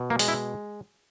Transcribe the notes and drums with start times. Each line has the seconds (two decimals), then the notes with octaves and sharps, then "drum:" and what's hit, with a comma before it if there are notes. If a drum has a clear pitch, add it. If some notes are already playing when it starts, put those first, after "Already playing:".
Already playing: B2
0.10 A#3
0.19 G#3, drum: open hi-hat
0.28 E4